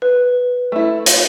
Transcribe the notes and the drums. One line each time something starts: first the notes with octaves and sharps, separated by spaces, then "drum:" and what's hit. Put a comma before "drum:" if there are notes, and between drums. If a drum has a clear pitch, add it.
B4
A3 E4
F4, drum: hi-hat